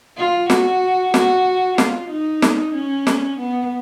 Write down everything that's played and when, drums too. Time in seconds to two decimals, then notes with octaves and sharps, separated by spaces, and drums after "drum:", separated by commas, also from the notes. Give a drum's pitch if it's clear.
0.18 F4
0.50 F#4, drum: snare
1.14 F#4, drum: snare
1.78 F4, drum: snare
2.10 D#4
2.42 drum: snare
2.74 C#4
3.07 drum: snare
3.39 B3